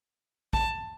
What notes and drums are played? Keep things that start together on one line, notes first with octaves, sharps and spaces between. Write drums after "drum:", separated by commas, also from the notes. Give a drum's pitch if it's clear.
A5, drum: kick